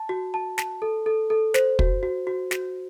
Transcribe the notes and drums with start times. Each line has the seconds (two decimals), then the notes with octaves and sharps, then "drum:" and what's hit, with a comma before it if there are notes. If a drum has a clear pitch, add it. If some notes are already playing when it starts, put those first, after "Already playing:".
Already playing: A5
0.09 F#4
0.34 A5
0.58 A5, drum: snare
0.82 A4
1.06 A4
1.30 A4
1.54 C5, drum: snare
1.79 F#4, drum: kick
2.03 F#4
2.27 F#4
2.51 F#4, drum: snare